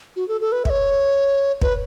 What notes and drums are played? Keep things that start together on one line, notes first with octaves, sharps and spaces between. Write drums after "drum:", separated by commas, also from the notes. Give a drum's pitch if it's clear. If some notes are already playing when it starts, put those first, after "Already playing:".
F#4
A4
A4
B4
E5, drum: kick
C#5
B4, drum: kick